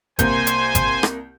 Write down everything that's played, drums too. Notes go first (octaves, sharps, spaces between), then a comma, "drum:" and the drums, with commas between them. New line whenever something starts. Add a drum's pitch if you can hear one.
C2 A#3 C5 G#5 G6, drum: kick G#1, hi-hat
drum: hi-hat
drum: kick G#1, hi-hat
drum: rim click